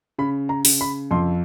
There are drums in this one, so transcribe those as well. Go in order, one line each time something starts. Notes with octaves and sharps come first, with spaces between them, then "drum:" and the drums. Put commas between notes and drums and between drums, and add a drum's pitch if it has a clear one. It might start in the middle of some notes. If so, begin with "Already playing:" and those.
C#3 B5
A#5
C#3, drum: open hi-hat
B5
F2 C6